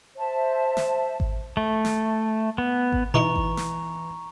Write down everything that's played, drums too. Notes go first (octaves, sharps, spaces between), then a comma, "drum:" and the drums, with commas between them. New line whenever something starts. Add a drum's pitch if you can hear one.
C5 E5 A5
drum: snare
drum: kick G#1
A3
drum: snare
B3
drum: kick G#1
B2 E3 D#4 E4 A#5 C#6
drum: kick G#1
drum: snare